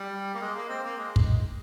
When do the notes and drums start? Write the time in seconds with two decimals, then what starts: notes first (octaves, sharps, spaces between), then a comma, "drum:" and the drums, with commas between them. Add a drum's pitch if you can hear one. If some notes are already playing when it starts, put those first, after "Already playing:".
Already playing: G3
0.35 A#3
0.42 G#3
0.55 A#3
0.69 C4
0.83 A#3
0.97 G#3
1.16 drum: kick